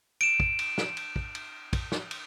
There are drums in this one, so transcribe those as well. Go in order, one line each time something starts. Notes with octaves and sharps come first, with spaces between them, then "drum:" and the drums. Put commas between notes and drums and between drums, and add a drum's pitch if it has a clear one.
D7 E7, drum: cymbal
drum: kick
drum: cymbal
drum: snare
drum: cymbal
drum: kick
drum: cymbal
drum: kick, cymbal
drum: snare
drum: cymbal